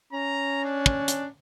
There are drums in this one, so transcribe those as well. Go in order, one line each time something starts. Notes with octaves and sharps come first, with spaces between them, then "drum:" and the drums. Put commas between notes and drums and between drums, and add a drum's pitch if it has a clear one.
C#4 A#5
D4
drum: kick
drum: hi-hat